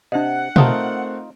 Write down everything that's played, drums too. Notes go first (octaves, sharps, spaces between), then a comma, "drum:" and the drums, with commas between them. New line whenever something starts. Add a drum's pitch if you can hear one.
C3 D4 D#5 F#5
A3 C4 D#4 F4 A#4 A5 D#6 F#6, drum: tom